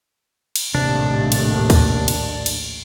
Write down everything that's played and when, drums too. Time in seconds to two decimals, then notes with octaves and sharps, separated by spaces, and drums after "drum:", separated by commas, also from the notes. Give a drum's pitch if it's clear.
0.56 drum: cymbal
0.75 A#1 D#2 A2 C3 D4
1.32 drum: cymbal
1.70 drum: kick, cymbal
2.08 drum: cymbal
2.46 drum: cymbal